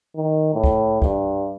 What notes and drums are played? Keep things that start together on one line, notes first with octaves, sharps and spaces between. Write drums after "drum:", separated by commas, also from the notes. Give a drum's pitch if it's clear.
D#3
A2
drum: kick C2
G2, drum: kick C2